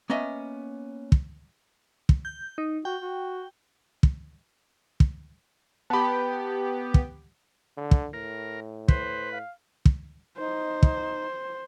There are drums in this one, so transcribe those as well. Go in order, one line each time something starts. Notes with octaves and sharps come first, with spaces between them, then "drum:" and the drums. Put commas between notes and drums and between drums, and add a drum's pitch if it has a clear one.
A#3 B3 C#4 D#5 E5
drum: kick
drum: kick
G6
D#4
F#4 G5
F#4
drum: kick
drum: kick
B3 G4 A5 B5
drum: kick
D3
drum: kick
A2 A#4
B4 C5, drum: kick
F5
drum: kick
D#4 C5
drum: kick